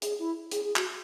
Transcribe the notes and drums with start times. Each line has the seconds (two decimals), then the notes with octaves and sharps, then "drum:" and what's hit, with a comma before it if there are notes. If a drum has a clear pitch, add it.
0.02 G#4, drum: hi-hat
0.19 E4
0.51 G#4, drum: hi-hat
0.64 G#4
0.76 F#4, drum: clap